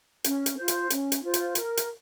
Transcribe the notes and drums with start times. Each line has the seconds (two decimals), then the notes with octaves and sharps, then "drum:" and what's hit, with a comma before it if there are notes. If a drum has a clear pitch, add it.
0.24 C#4, drum: hi-hat
0.46 drum: hi-hat
0.56 F4 C5
0.68 drum: hi-hat
0.90 C#4, drum: hi-hat
1.12 drum: hi-hat
1.23 F4 C5
1.34 drum: hi-hat
1.55 A#4, drum: hi-hat
1.77 drum: hi-hat